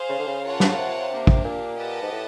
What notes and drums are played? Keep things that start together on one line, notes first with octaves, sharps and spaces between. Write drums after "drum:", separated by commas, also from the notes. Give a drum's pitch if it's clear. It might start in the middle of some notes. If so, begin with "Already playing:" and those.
Already playing: G#4 C5 F5
C#3
D3
C#3
F4 A#4 C#5 F#5 A5
drum: snare
C#3
C3
A#3 D4 G4
drum: kick
A#2
G4 B4 D#5 F#5 A5
G#2
A2